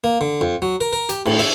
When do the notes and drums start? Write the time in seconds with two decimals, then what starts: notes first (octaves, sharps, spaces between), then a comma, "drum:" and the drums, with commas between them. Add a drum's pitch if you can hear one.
0.04 A#3
0.21 D3
0.41 F2
0.62 F#3
0.81 A#4
0.93 A#4
1.09 G4, drum: hi-hat
1.26 A2, drum: cymbal
1.39 E5